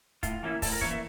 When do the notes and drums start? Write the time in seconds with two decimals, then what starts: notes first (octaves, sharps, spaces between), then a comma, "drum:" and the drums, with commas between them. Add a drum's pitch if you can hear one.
0.23 A2 F4, drum: kick, hi-hat
0.43 E3 A#3 C#4 E4
0.62 A2 A4, drum: kick, open hi-hat
0.72 A#4
0.81 E3 A#3 C#4 E4 C#5, drum: kick
0.91 E5